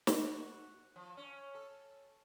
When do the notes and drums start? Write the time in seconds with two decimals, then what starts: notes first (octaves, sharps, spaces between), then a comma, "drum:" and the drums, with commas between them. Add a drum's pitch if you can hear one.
0.07 F#4, drum: snare
0.96 F3
1.17 C#4
1.55 A4